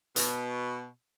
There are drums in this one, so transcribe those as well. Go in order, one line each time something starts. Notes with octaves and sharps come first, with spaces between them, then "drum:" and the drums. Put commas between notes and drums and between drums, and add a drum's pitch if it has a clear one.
B2, drum: hi-hat